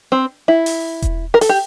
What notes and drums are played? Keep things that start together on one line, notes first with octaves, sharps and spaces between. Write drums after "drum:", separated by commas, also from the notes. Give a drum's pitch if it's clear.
C4
E4
drum: open hi-hat
drum: kick E1, hi-hat
A#4
A4, drum: open hi-hat
G4